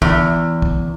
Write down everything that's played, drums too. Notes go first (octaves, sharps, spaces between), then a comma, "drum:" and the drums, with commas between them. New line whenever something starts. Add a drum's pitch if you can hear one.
E2, drum: kick
drum: kick